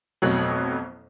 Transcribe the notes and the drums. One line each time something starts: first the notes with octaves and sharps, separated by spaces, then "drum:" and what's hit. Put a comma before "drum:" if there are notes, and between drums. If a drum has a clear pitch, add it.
A1 F2 B2 F#3, drum: open hi-hat